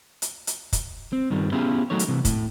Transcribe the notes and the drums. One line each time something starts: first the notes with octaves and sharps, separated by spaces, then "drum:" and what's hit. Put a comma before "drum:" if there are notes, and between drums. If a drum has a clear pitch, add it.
drum: hi-hat
drum: hi-hat
drum: kick, hi-hat
C4
G2 D#3 G3
B3 C#4 E4 F4 G4 G#4
F#3 A3 D#4 C#5
drum: hi-hat
C2 C3 E3
A2, drum: kick, hi-hat